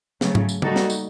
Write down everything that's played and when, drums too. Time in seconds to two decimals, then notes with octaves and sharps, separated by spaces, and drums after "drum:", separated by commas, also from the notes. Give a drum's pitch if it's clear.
0.21 C#3 F#3 A3, drum: snare
0.35 drum: tom G#2
0.49 drum: tambourine
0.62 G3 A#3 D#4 F#4 A4, drum: tom C#3
0.76 drum: snare
0.90 drum: tambourine